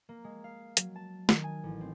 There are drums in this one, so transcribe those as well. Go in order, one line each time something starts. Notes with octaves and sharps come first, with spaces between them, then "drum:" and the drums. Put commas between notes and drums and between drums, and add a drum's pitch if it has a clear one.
A#3
G#3
F5
F#3, drum: hi-hat
A5
D#3, drum: snare
G#5
A1
C4